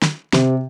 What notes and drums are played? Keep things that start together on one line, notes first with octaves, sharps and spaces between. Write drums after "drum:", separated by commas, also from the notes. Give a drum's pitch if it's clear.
drum: snare
C3, drum: snare